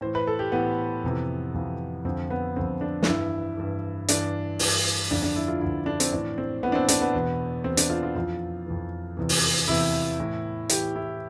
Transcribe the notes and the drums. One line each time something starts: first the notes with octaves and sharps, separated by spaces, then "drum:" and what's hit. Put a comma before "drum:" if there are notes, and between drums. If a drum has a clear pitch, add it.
A2 E3 C5
B4
A4
G4
A2 E3 B3
F2 C3 E3
F2 C3 E3
F2 D3 C4
B3
F2 D3 C4
D4
D4, drum: snare
G2 E3 E4
G2 E3
G2 E3 D4, drum: hi-hat
G2 E3, drum: open hi-hat
F2 D3 D4
D4
E4
F4
F2 D3 E4
D4
C4, drum: hi-hat
A2 E3 D4
C4
A2 E3 B3
D4
C4
D4, drum: hi-hat
B3
E2 B2
E2 B2 C4
D4, drum: hi-hat
F4
F4
F2 E3 F4
F2 E3
E2 C3 E3
drum: open hi-hat
E2 C3 E3 E4
A2 E3
A2 E3 G4, drum: hi-hat
E4